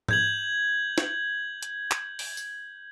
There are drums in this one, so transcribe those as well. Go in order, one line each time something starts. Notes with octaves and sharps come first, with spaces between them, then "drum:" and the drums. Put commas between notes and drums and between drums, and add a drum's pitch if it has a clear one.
G6 G#6 F#7, drum: tom
drum: snare
drum: hi-hat
drum: clap
drum: open hi-hat
drum: tambourine